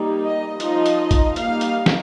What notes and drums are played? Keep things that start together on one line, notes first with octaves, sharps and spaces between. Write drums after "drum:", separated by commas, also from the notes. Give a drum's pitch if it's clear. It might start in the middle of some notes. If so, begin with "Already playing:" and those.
Already playing: G3 A#3 D#4
D#5
F3 D#4 D#5, drum: hi-hat
drum: hi-hat
drum: kick A#1, hi-hat
G3 A#3 D#4 F5, drum: hi-hat
drum: hi-hat
drum: snare